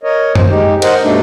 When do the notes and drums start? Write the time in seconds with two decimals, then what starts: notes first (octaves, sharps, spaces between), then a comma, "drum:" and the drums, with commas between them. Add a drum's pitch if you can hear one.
0.03 A#4 C#5 D#5
0.35 F#2 C5, drum: tom F#2
0.49 G#3 D#4 G4
0.82 A#4 C5 D#5 F#5, drum: cymbal
1.02 G2 B2 A3 D4 D#4